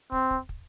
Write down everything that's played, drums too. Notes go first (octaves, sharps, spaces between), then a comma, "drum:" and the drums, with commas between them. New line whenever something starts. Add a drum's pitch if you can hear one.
C4, drum: kick
drum: kick
drum: kick